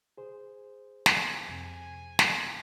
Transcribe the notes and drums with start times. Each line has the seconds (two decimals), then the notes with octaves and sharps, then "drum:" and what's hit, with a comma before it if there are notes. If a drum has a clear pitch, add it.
0.18 G#4 C5
1.06 drum: snare
1.49 F2 C3 G#5
2.19 drum: snare